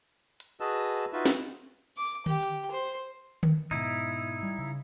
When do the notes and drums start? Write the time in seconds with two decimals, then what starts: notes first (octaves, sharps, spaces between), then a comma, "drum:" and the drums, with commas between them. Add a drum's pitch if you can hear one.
0.40 drum: hi-hat
0.60 F#4 G#4 B4 D#5 A5 E6
1.13 D#4 F4 F#4 B4 E5
1.26 drum: snare
1.97 D6
2.26 G4, drum: tom D3
2.43 drum: hi-hat
2.71 C5
3.43 drum: tom D3
3.71 G#2 B2 D#4 E4, drum: open hi-hat
4.43 G3
4.58 C#3